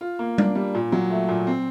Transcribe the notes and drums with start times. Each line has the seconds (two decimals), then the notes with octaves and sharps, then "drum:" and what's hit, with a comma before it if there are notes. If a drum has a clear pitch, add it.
0.01 F4
0.19 A#3
0.38 D4, drum: tom G3
0.55 G3
0.75 A#2
0.92 F#3
1.10 A3
1.29 A#2
1.47 C4